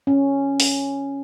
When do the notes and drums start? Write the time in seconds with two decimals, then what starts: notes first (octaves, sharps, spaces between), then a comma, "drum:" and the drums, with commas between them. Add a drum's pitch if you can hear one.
0.07 C#4
0.60 drum: open hi-hat